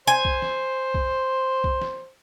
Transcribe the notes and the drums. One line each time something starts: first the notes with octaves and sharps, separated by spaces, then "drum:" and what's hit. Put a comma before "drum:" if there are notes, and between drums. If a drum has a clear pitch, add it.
C5 G#5
drum: kick C2
drum: snare
drum: kick C2
drum: kick C2
drum: snare